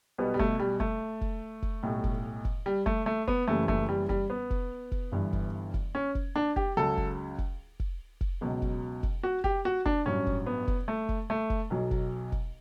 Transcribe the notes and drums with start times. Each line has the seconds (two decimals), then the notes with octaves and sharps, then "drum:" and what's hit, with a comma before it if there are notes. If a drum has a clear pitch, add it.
0.18 B1 B2 G3 B3
0.34 G3
0.39 A3, drum: kick
0.59 G3
0.80 A3, drum: kick
1.21 drum: kick
1.62 drum: kick
1.83 B1 A2 G3
2.04 drum: kick
2.45 drum: kick
2.66 G3
2.86 A3, drum: kick
3.06 A3
3.28 B3, drum: kick
3.48 F#1 F#2 E3 G3 A3
3.68 A3, drum: kick
3.89 G3
4.09 G3, drum: kick
4.30 B3
4.50 drum: kick
4.92 drum: kick
5.12 G1 G2 E3 G3
5.33 drum: kick
5.74 drum: kick
5.95 C#4
6.15 drum: kick
6.36 D4
6.56 G4, drum: kick
6.77 C#2 C#3 F#3 A4
6.97 drum: kick
7.38 drum: kick
7.80 drum: kick
8.21 drum: kick
8.41 C#2 B2 F#3
8.62 drum: kick
9.03 drum: kick
9.23 F#4
9.44 G4, drum: kick
9.65 F#4
9.86 D4, drum: kick
10.05 A1 G2 F#3 C#4
10.26 drum: kick
10.47 B3
10.68 drum: kick
10.88 A3
11.09 drum: kick
11.30 A3
11.50 drum: kick
11.70 B1 B2 F#3
11.91 drum: kick
12.32 drum: kick